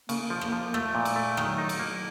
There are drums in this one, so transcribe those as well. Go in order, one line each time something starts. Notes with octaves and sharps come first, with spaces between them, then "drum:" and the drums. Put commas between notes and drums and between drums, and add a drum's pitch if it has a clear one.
C#3 A#3, drum: cymbal
F3
A#3, drum: rim click
F3
A3, drum: rim click
A#2
drum: cymbal
A3
D#3 F#3, drum: rim click
D#4
drum: cymbal
A#3